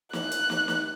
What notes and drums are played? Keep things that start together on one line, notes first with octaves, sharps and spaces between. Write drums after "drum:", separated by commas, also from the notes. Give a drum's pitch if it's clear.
F#6, drum: snare
drum: hi-hat
drum: snare
drum: snare